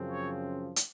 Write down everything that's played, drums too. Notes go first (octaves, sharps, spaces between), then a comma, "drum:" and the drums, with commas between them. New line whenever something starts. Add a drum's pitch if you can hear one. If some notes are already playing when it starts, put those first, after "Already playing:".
Already playing: F#2 C#3 F3 C4
C#5
drum: hi-hat